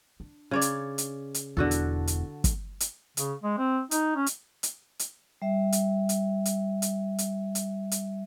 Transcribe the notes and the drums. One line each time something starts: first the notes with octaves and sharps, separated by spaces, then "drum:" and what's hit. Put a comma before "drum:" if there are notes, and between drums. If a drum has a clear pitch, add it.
D4
C#3 C#5 D5
drum: hi-hat
drum: hi-hat
drum: hi-hat
E1 E2 D3 F#4 A4
drum: hi-hat
drum: hi-hat
drum: kick, hi-hat
drum: hi-hat
C#3, drum: hi-hat
G#3
C4
D#4, drum: hi-hat
C#4
drum: hi-hat
drum: hi-hat
drum: hi-hat
G3 E5
drum: hi-hat
drum: hi-hat
drum: hi-hat
drum: hi-hat
drum: hi-hat
drum: hi-hat
drum: hi-hat